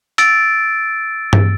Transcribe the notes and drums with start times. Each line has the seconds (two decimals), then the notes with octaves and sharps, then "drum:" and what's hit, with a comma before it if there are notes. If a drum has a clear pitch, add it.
0.18 E6 A6 D7, drum: hi-hat
1.33 drum: tom G2